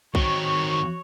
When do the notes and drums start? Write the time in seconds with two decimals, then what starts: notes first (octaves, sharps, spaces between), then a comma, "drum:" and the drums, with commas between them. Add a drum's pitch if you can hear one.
0.15 D#3 C4 F#4 C#5, drum: kick B1